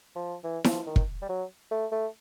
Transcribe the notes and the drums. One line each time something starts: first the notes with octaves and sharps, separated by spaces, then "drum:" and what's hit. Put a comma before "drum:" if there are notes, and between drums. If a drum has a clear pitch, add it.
F3
E3
F3, drum: snare E4
D#3
drum: kick
G3
F#3
A3
A3